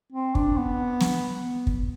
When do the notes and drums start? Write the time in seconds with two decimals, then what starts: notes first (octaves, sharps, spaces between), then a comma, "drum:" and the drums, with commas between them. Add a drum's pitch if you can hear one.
0.12 C4
0.35 D4, drum: kick
0.57 B3
1.01 drum: snare
1.67 drum: kick